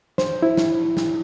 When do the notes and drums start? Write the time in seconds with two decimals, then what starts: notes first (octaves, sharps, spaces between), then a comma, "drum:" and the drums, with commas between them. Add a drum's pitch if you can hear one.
0.18 C5, drum: snare
0.42 E4
0.57 drum: snare
0.97 drum: snare